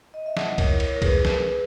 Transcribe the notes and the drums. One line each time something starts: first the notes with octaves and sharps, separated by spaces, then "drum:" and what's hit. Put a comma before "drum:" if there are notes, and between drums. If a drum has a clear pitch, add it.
D#5
E5
E4 D#5 F#5, drum: snare
A#4 C#5, drum: kick C2, cymbal
E4
A#4 C#5, drum: cymbal
A#3 A#4
G#4 B4, drum: kick C2, cymbal
A#3, drum: snare